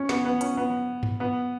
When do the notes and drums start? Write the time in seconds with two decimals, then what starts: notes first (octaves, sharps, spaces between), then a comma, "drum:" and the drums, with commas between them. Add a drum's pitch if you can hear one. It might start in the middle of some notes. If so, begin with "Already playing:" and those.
Already playing: C#4
0.09 B3, drum: snare
0.25 B3
0.41 C#4, drum: hi-hat
0.57 B3
1.03 drum: tom G2
1.20 B3